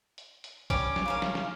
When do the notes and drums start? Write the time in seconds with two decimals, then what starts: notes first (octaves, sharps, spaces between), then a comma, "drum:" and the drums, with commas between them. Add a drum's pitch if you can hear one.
0.18 drum: hi-hat
0.44 drum: hi-hat
0.70 G3 C#4 D6, drum: kick A#1, hi-hat
0.96 drum: snare
1.06 C#3 A#3 C#4 F5
1.22 drum: snare
1.35 drum: snare